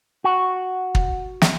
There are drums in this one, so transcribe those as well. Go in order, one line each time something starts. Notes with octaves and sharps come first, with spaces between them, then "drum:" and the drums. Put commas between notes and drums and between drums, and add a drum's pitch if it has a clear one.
F#4
drum: kick
drum: snare